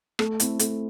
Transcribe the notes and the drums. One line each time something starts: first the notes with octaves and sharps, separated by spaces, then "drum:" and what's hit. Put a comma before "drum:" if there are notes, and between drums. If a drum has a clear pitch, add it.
A3, drum: rim click
C4 E4 A4, drum: hi-hat
A3, drum: hi-hat